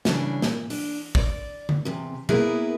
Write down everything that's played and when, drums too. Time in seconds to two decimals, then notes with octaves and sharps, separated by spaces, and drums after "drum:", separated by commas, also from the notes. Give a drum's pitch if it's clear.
0.05 C#3 E3 G3 D4, drum: snare
0.42 A#2, drum: snare
0.70 D4, drum: open hi-hat
1.15 D5, drum: kick
1.69 drum: tom D3
1.85 E2 C3
2.29 A#3 B3 E4 G#4 A#4 B4, drum: tom B2